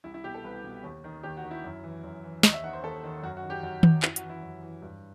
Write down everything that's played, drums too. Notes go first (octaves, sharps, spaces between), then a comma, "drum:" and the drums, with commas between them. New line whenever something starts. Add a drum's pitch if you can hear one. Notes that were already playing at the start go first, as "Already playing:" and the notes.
C2 E4
E4
B2 G4
A4
C2 B4
B2
D#2
D#3
D#2 G4
F#4
D#3
E4
F#2
E3
F#2
E3
D#2 D#5, drum: snare
E5
D#3 F#5
C5
D#2 A4
D#3
F#2 F#4
F#4
D#3
G4
F#2 F#4
D#3, drum: tom D#3
F#2 E4, drum: clap
F#4, drum: hi-hat
E3
E4
F#2
E3
G2